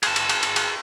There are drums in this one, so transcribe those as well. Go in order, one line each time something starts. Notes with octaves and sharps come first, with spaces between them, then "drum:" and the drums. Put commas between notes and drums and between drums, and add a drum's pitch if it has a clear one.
G#4 A5, drum: cymbal
drum: cymbal
drum: cymbal
drum: cymbal
drum: cymbal